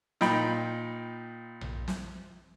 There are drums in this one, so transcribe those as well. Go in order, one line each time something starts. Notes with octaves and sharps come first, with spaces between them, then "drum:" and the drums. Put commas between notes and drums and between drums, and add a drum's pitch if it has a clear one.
A#2 D#4 G5 B5, drum: snare
drum: tom A#1
drum: snare